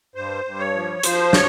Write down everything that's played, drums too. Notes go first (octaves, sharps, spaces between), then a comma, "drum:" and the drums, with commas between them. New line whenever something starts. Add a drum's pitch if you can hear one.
G2 C5
G2
C#5
F3
F3 C5, drum: hi-hat
C#5, drum: snare